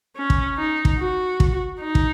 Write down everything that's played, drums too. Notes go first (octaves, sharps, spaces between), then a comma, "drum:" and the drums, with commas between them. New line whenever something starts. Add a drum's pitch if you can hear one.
C#4
drum: kick
D#4
drum: kick
F#4
drum: kick
D#4
drum: kick